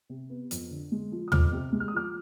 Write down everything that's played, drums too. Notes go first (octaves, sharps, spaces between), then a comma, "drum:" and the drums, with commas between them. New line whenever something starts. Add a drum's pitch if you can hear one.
C3
B3
F2, drum: hi-hat
D3
G#3
F3
D#6
F2 D6 F6, drum: tom
C3
G#3
F6
D#6
F3 D6 F6